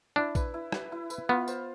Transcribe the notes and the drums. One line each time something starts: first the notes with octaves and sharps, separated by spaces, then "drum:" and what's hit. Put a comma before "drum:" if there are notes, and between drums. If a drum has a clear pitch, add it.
D4 E4
B4, drum: kick A#1, tambourine
E4
B4, drum: rim click
E4
B4, drum: tambourine
B3 F4
C5, drum: tambourine